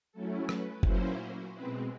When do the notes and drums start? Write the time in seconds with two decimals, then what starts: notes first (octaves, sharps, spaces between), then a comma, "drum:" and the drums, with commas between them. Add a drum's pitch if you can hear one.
0.12 F#3 A3 C#4 E4 A4
0.49 B4, drum: rim click
0.83 A#2 F#3 A#3 C#4 E4 C5, drum: kick F#1
1.54 B2 G#3 C4 B4